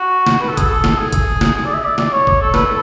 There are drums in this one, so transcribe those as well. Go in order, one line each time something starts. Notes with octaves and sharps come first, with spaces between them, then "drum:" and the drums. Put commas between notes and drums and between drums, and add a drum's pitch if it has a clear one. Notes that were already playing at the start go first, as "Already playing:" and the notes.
Already playing: F#4
drum: snare
B4
A4
G#4, drum: kick, hi-hat
A4
drum: snare
G#4
drum: kick, hi-hat
drum: snare
G#4
D5
E5
D5
D5, drum: snare
C#5
drum: kick
A4
B4, drum: snare
A4